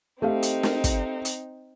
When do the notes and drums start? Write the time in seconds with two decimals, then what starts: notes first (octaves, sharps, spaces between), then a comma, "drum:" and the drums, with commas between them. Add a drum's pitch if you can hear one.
0.22 A3 C4 D#4 G4 F5
0.43 drum: hi-hat
0.63 drum: snare
0.84 drum: kick, hi-hat
1.25 drum: hi-hat